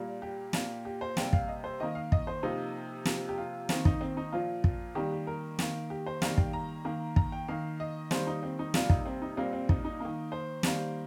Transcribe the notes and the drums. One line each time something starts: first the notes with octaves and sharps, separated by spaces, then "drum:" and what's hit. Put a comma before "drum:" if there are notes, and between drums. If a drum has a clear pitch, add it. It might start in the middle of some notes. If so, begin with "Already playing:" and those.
Already playing: A#2 G3 A#3
G4
A#2 A#3, drum: snare
G4
C5
C3 G3 A#3 G5, drum: snare
F5, drum: kick
D#5
C5
D#3 A#3 D#5
F5
D#5, drum: kick
C5
C3 F3 A#3 D#4
C3 F3 A#3, drum: snare
G4
F4
D#3 A#3 C4, drum: snare
D#4, drum: kick
C4
D#4
A#2 F3 A#3 F4
drum: kick
D#3 G3 A#3 G4
G4
A#4
D#3 A#3, drum: snare
G4
C5
D#3 G3 A#3 F5, drum: snare
G5, drum: kick
A#5
D#3 A#3
A#5, drum: kick
G5
D#3 A#3 F5
D#5
D#3 G3 A#3 C5, drum: snare
D#4
C4
D#4
C3 G3 A#3 F4, drum: snare
D#4, drum: kick
C4
D#4
A#2 G3 A#3 C4
C4
D#4, drum: kick
D#4
D#3 A#3
C5
D#3 G3 A#3, drum: snare